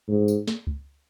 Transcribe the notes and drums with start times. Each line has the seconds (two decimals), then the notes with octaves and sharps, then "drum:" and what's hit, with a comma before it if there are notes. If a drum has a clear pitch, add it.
0.08 G#2
0.28 drum: tambourine
0.48 drum: snare
0.67 drum: kick C#2